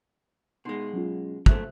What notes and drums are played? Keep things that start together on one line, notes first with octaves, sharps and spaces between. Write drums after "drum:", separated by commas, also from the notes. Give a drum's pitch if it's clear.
B2 G#3 D#4 C6 C7
F#3 C#4 F4
F#3 G#3 A3 C5 E5 F#6, drum: kick